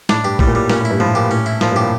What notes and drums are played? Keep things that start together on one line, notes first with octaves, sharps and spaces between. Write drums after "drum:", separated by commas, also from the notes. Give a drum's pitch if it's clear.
A2 D4, drum: snare
G2 G4
A2 G3, drum: kick A1
A#2
A2 G3
A#2 C#4, drum: snare
A2
E4
G2
A2 F3, drum: tom
A#2 G4
A2 C#4
E4
A#2 F3, drum: snare
G2
G4
A#2